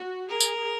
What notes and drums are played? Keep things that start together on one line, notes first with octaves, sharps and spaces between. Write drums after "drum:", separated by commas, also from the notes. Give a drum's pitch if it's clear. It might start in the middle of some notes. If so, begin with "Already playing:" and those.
Already playing: F#4
G#4 A#4
drum: tambourine